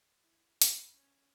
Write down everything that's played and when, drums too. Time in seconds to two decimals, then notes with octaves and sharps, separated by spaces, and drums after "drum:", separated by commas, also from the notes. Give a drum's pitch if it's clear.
0.22 E4
0.62 B5, drum: hi-hat
0.94 C#4